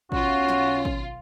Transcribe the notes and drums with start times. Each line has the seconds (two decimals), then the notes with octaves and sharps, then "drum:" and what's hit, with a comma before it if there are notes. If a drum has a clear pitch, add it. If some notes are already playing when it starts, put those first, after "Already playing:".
0.12 B1 C#4 F4 F#4, drum: kick
0.49 drum: snare
0.85 drum: kick